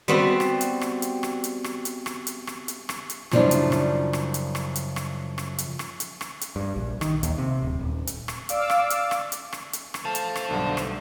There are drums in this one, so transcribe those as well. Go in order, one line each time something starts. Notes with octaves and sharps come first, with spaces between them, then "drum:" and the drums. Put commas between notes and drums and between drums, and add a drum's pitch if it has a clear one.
G3 B3 C4 F#4
drum: rim click
drum: hi-hat
drum: rim click
drum: hi-hat
drum: rim click
drum: hi-hat
drum: rim click
drum: hi-hat
drum: rim click
drum: hi-hat
drum: rim click
drum: hi-hat
drum: rim click
drum: hi-hat
F#2 C#3 F3 G3 D4 E4, drum: rim click
drum: hi-hat
drum: rim click
drum: rim click
drum: hi-hat
drum: rim click
drum: hi-hat
drum: rim click
drum: rim click
drum: hi-hat
drum: rim click
drum: hi-hat
drum: rim click
drum: hi-hat
G2
A#1
D#3, drum: rim click
D#2, drum: hi-hat
C3
D1
D#1
drum: hi-hat
drum: rim click
D5 F5 D6 E6, drum: hi-hat
drum: rim click
drum: hi-hat
drum: rim click
drum: hi-hat
drum: rim click
drum: hi-hat
drum: rim click
A3 C5 F5 A5
drum: hi-hat
drum: rim click
B1 G2 D3
drum: rim click